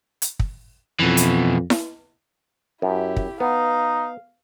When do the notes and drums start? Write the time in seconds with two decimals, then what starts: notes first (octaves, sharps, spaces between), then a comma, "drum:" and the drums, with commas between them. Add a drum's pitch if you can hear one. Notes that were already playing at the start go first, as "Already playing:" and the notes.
0.22 drum: hi-hat
0.39 drum: kick
1.00 F2 B2 E3
1.17 drum: hi-hat
1.70 drum: snare E4
2.82 F#2 E4 G4
3.16 drum: kick
3.40 B3 D#4 F5